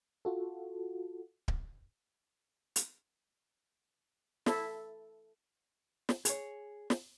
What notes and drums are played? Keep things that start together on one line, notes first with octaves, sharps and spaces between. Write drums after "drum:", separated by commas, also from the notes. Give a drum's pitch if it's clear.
F4 F#4 A4
drum: kick D1
drum: hi-hat
E4 A4, drum: snare
drum: snare
G#4 C#5, drum: hi-hat
drum: snare